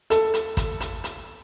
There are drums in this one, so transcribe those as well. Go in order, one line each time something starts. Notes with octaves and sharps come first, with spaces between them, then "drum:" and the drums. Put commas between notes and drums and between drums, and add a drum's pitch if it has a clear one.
A4, drum: hi-hat
drum: hi-hat
drum: kick, hi-hat
drum: hi-hat
drum: hi-hat